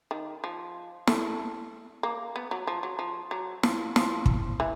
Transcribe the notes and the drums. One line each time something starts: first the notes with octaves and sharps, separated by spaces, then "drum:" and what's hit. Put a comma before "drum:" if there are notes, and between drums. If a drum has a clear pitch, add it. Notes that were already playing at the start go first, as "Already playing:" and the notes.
D#3
F3
A3, drum: snare
A#3
B3
F#3
F3
F#3
F3
F#3
F3, drum: snare
F3, drum: snare
drum: kick
E3